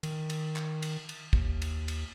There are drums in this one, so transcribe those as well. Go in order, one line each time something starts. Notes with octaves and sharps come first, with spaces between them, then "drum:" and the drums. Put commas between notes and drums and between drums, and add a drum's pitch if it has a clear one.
D#3, drum: cymbal
drum: cymbal
drum: clap
drum: cymbal
drum: cymbal
D#2, drum: kick
drum: cymbal
drum: cymbal